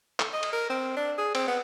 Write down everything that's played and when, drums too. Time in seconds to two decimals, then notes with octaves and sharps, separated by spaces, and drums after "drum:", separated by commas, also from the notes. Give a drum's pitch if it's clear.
0.20 A4, drum: clap
0.33 D#5
0.43 drum: cymbal
0.53 A#4
0.70 C4
0.97 D4
1.18 G#4
1.35 C4, drum: cymbal
1.48 B3